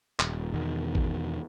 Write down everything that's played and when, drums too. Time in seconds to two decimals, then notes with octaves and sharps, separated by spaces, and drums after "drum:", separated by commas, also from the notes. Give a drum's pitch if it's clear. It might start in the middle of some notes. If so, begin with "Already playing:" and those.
0.20 D#1, drum: clap
0.54 E2 B2 D#3
0.95 drum: kick G#1